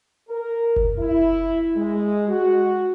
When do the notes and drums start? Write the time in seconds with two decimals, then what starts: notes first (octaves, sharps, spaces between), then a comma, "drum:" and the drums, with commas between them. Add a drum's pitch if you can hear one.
0.29 A#4
0.76 drum: kick F#1
0.98 E4
1.76 G#3
2.28 F#4